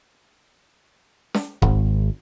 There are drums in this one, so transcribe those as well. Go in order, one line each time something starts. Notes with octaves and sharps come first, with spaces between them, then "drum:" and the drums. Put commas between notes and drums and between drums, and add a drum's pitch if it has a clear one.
drum: snare
G#1, drum: kick D#1